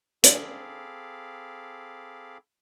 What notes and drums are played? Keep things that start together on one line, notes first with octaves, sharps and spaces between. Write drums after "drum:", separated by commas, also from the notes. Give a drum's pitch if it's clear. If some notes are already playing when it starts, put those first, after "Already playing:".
C4 G#4 A4 F5 B5 D6, drum: hi-hat